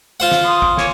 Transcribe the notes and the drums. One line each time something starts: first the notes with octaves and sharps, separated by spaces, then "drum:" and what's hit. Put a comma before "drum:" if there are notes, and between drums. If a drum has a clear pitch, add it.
F4 C5 F#5
drum: snare
C6 D#6
drum: kick
A#3 C#5 G#5, drum: snare